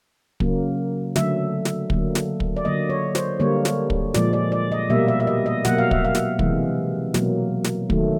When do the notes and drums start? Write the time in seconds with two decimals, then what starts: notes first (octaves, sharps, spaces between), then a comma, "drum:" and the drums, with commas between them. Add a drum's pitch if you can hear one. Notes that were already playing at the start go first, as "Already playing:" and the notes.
0.40 C#3 F#3 A#3, drum: kick
1.16 D3 F#3 A3 E5, drum: snare
1.65 drum: snare
1.90 D3 F#3 A#3, drum: kick
2.15 drum: snare
2.40 drum: kick
2.57 D5
2.65 D3 F#3 A#3 D#5
2.89 C#5
3.15 C5, drum: snare
3.40 D3 G3 A#3 C#5
3.65 drum: snare
3.90 drum: kick
4.14 A#2 F3 G#3 D5, drum: snare
4.33 D5
4.52 D5
4.72 D#5
4.90 B2 G3 A#3 E5
5.08 E5
5.20 E5
5.27 D#5
5.46 D#5
5.65 B2 F#3 A#3 F#5, drum: snare
5.78 F5
5.91 E5, drum: kick
6.05 F5
6.15 drum: snare
6.39 C3 E3 G#3, drum: kick
7.14 B2 F#3 A#3, drum: snare
7.64 drum: snare
7.90 D#3 F#3 A3, drum: kick